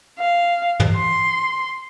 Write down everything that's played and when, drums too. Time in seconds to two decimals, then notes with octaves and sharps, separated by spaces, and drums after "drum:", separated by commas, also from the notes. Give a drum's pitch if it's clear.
0.19 F5
0.80 drum: tom
0.95 C6